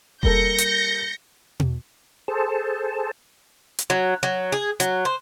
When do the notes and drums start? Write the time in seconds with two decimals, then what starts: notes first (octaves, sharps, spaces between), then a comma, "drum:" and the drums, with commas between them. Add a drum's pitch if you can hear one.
0.23 G3 A#3 A4 G6 A#6 C#7, drum: kick E1
0.58 drum: hi-hat
1.60 drum: tom B2
2.28 G#4 A4 C5 A5
3.79 drum: hi-hat
3.90 F#3
4.23 F#3
4.52 G#4
4.80 F#3, drum: hi-hat
5.05 C5